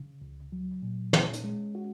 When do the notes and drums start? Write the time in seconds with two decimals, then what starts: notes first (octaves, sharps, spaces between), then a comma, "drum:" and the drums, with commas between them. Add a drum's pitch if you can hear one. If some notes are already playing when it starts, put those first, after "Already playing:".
Already playing: C#3
0.22 C#2
0.52 F#3
0.82 A#2
1.13 C#4, drum: tom
1.33 drum: hi-hat
1.44 G#3
1.75 F#4